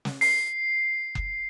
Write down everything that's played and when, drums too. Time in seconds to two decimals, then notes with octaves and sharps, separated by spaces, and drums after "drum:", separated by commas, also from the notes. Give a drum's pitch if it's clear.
0.05 drum: snare
0.21 C7, drum: open hi-hat
1.15 drum: kick F#1